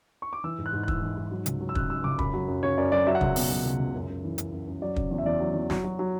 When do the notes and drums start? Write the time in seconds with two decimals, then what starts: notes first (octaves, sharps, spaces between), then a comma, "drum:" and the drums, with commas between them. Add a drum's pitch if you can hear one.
0.22 C#6
0.33 D6
0.44 E3 E6
0.58 G#2
0.66 F#6
0.73 G#2
0.83 F#6
0.88 E3 E6, drum: kick
1.02 E3
1.17 G#2
1.31 F#3
1.46 C#2, drum: hi-hat
1.61 F#3
1.69 E6
1.75 C#3 F#6, drum: kick
1.90 F#3 E6
2.04 C#2 D6
2.19 F#2 B5, drum: kick
2.34 F#3
2.48 F#2
2.63 C#3 C#5
2.77 F#2 D5
2.92 F#3 D5
3.07 F#3 E5
3.15 F#5
3.21 C#2 E5, drum: kick
3.36 B2, drum: open hi-hat
3.50 F#3
3.65 C#2
3.80 C#2
3.94 F#2
4.08 F#2
4.24 E3
4.38 F#2, drum: hi-hat
4.52 F#2
4.68 F#2
4.82 F#3 D5
4.96 C#3, drum: kick
5.11 E2
5.18 E5
5.26 E2 D5
5.40 F#3
5.54 E2
5.70 F#3, drum: snare
5.84 F#3
5.99 F#3